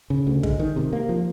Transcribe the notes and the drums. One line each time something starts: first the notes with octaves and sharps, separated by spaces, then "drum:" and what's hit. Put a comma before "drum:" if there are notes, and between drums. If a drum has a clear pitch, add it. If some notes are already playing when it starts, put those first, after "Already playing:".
C#3
D2
G#3, drum: kick
D#3
C3
A#3
F3